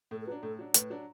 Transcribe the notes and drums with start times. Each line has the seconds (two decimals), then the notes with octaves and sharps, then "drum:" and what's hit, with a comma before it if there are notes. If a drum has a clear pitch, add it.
0.11 A2 A4
0.21 A4
0.27 F#3 D4 B4
0.43 A2 A4
0.59 F#3 D4
0.74 A2 B4, drum: hi-hat
0.90 F#3 D4